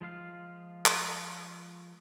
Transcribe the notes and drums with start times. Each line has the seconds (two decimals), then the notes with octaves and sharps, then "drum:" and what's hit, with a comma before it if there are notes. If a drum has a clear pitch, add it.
0.01 F3 G#3 F4 F5
0.86 drum: clap